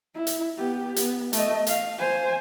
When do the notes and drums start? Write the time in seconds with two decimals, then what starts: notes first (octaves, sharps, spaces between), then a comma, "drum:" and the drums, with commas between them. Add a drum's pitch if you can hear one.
0.14 E4
0.27 drum: hi-hat
0.58 B3 G4
0.96 B3, drum: hi-hat
1.33 A3 D#5, drum: hi-hat
1.67 F5, drum: hi-hat
1.98 C5 G#5